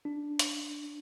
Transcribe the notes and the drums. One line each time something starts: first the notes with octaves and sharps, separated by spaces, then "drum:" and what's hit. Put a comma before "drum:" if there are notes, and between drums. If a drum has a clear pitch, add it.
D4
drum: hi-hat